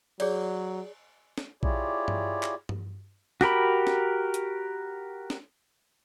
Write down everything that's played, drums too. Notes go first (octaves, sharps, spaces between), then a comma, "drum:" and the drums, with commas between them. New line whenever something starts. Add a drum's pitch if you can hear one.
F#3 G#4 C#5 D5, drum: cymbal
drum: snare
E4 F4 G4 G#4 C#5 D5, drum: kick A#1
drum: tom G2
drum: clap
drum: tom G2
F#4 G4 A#4 B5, drum: snare
drum: snare
drum: hi-hat
drum: snare